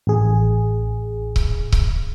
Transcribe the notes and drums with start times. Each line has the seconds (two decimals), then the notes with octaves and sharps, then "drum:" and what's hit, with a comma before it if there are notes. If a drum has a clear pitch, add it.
0.07 A1 G#4
1.36 drum: kick C#1
1.72 drum: kick C#1